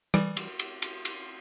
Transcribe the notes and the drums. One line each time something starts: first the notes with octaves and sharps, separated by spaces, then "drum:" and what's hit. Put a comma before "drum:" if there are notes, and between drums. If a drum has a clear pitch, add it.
E3 G3, drum: rim click
drum: cymbal
drum: cymbal
drum: cymbal
drum: cymbal